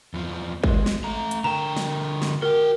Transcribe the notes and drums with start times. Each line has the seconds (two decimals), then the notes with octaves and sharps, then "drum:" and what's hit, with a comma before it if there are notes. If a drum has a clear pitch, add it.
0.14 E2 F3
0.64 G#3, drum: kick
0.86 drum: snare
1.04 A3 A#5
1.31 drum: hi-hat
1.44 D3 A#4 G5 A#5 E7
1.77 drum: snare
2.22 drum: snare
2.42 F#4 A#4 G5